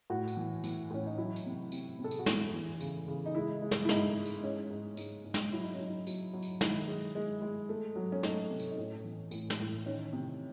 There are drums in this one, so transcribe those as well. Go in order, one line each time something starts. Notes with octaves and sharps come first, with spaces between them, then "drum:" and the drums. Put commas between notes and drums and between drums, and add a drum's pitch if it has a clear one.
A2 F#4
drum: tambourine
E3
E3, drum: tambourine
A2 C#4
D#4
F#3 E4
drum: tambourine
C3
C3, drum: tambourine
C3
A4
G#4, drum: tambourine
F#4
E2 E4, drum: snare
E3
C#3, drum: tambourine
C#3
D#4
G#3 E4
G#3
drum: snare
E4
G#2 D#4, drum: snare
G#3
drum: tambourine
G#2 C#4
G#2
G#2, drum: tambourine
G#2
drum: snare
F#3 E4
D#4
F#3 C#4
D#4
F#3, drum: tambourine
F#3
drum: tambourine
D#3 E4, drum: snare
G#3
G#3
G#3
A3
F#3
C#4
A3 D#4, drum: snare
C3
drum: tambourine
D#4
A2 C#4
E3
A2, drum: tambourine
drum: snare
A2
D#3 C#4
C3